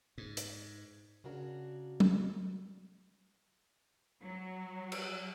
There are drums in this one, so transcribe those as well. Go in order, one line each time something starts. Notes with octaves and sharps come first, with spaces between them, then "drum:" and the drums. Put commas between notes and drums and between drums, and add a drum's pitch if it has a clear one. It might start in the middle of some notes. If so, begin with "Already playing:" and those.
G#2
drum: hi-hat
C#3 D4 F#4 A#4
drum: tom F#3
F#3
drum: cymbal